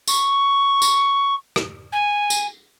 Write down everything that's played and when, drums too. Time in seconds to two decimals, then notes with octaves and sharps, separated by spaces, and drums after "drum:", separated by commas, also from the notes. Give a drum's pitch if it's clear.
0.08 C#6, drum: tambourine
0.82 drum: tambourine
1.56 drum: rim click
1.92 G#5
2.30 drum: tambourine